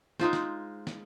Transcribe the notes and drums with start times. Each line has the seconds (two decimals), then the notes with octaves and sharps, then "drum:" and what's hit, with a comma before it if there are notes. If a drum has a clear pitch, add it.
0.20 G#3 D#4 F4 C5, drum: snare
0.33 drum: snare
0.87 drum: snare